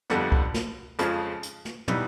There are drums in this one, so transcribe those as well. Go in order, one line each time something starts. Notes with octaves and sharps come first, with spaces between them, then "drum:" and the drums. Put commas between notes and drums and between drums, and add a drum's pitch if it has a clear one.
F2 D3 G3 B3, drum: snare
drum: kick
drum: snare
F2 C#3 F3 G#3, drum: hi-hat
drum: hi-hat
drum: snare
C#3 E3 G3 B3 D#4, drum: tom